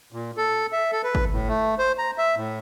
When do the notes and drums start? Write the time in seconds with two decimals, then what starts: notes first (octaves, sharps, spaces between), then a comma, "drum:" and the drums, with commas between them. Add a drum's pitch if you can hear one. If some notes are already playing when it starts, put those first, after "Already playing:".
0.12 A#2
0.37 A4
0.73 E5
0.92 A4
1.04 B4
1.15 drum: kick
1.32 A2
1.49 A3
1.79 C5
1.98 A#5
2.18 E5
2.36 A2